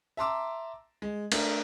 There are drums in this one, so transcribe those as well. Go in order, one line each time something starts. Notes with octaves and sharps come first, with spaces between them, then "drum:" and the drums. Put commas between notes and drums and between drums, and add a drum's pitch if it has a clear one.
E5 A5 A#5 C6 D6 E6
G#3
A3 D4 A#4, drum: cymbal